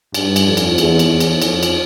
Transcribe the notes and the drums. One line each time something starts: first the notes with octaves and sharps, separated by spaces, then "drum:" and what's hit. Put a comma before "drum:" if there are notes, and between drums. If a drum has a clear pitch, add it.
G2, drum: cymbal
drum: cymbal
F2
drum: cymbal
E2, drum: cymbal
drum: cymbal
E2
drum: cymbal
F2, drum: cymbal
drum: cymbal